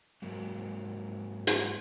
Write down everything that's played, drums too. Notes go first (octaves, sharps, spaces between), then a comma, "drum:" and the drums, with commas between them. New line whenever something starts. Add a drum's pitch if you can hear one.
G#2 F#3 A#3
drum: hi-hat